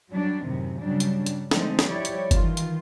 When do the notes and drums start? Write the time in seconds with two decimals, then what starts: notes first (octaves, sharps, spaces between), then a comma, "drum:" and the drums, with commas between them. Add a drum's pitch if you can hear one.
0.10 F#3 G3 D4
0.44 F#2 A2 C3 D#3
0.80 G2 C#3 F#3 G3 D4
1.00 drum: hi-hat
1.26 drum: hi-hat
1.51 D3 F3 G#3 A3 C4 D#4, drum: snare
1.79 drum: snare
1.89 F3 G3 E4 G4 C#5 D5
2.05 drum: hi-hat
2.31 D#3 E3 F4, drum: kick F#1, hi-hat
2.57 drum: hi-hat